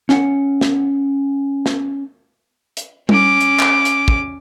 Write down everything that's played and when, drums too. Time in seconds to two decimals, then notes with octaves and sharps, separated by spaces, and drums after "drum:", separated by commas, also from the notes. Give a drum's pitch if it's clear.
0.09 C#4 F#5, drum: snare
0.61 drum: snare
1.66 drum: snare
2.77 drum: hi-hat
3.09 C#4 D6, drum: tom G3
3.41 drum: hi-hat
3.60 drum: clap
3.85 drum: hi-hat
4.08 drum: kick